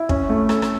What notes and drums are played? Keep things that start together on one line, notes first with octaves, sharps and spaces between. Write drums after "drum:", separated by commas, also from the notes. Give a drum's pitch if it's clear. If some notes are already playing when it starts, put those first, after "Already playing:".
Already playing: E4
C#4, drum: kick
A3
A4, drum: rim click
drum: rim click